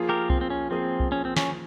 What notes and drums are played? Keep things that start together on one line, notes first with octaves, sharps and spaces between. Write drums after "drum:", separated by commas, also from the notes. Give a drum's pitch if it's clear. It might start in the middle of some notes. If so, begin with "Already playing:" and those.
Already playing: F3 A#3 F4 G#4
G4 A#4
C4, drum: kick C2
C4
C#4
F3 A#3 C4 F4 G#4
drum: kick C2
C#4
C4
C#4, drum: snare